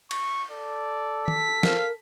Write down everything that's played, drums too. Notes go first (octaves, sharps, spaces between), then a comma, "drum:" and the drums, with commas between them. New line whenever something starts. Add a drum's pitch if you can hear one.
C#6, drum: cymbal
A4 D5
B6, drum: tom D#3
A#4 F5, drum: snare